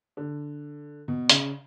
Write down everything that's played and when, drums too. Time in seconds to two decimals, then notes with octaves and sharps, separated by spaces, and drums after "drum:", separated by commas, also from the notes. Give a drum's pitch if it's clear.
0.17 D3
1.08 B2
1.29 C#3, drum: hi-hat